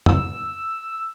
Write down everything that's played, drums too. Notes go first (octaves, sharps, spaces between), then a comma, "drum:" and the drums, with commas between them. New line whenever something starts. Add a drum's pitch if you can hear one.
E6, drum: tom F2